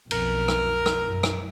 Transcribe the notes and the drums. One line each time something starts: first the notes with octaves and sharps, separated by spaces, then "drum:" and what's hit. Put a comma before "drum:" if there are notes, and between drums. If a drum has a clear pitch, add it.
B1 F2 B2 A#4, drum: cymbal
drum: rim click
drum: rim click
F#2
drum: rim click